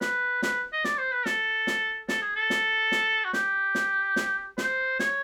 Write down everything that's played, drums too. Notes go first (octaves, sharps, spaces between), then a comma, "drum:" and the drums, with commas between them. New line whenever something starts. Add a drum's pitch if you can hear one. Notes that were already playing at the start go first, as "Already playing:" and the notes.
B4, drum: snare
B4, drum: snare
D#5
D5, drum: snare
C5
B4
A4, drum: snare
drum: snare
A4, drum: snare
G#4
A4
drum: snare
drum: snare
F#4
G4, drum: snare
drum: snare
drum: snare
C5, drum: snare
C#5, drum: snare